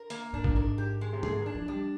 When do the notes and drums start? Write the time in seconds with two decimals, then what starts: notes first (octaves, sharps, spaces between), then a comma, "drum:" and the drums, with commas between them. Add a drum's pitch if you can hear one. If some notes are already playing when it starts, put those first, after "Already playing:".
Already playing: A#4
0.10 A#3, drum: hi-hat
0.33 G#2 D4
0.44 A#2, drum: kick
0.54 G#2 A#4
0.78 G4
1.01 G#3
1.13 C3
1.23 D3 G#4, drum: tom
1.40 D#3
1.46 D4
1.55 F3
1.68 G3 D4